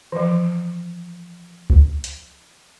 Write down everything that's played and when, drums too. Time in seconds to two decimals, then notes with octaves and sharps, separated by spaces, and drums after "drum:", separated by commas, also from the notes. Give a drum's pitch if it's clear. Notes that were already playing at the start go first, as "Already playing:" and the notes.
0.12 E3 F3
1.70 drum: kick C#2
2.04 drum: hi-hat